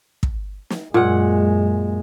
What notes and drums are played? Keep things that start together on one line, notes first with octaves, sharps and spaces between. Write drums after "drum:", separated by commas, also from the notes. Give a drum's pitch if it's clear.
drum: kick
drum: snare
F#2 A#2 G#3 F#5